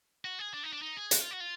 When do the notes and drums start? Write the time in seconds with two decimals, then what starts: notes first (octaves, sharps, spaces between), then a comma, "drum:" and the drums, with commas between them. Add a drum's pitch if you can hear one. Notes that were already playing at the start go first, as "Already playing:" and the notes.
0.25 F#4
0.39 G#4
0.53 D4
0.63 D#4
0.73 D4
0.82 D#4
0.97 G#4
1.11 F#4, drum: hi-hat
1.21 F4
1.31 F#4
1.40 F4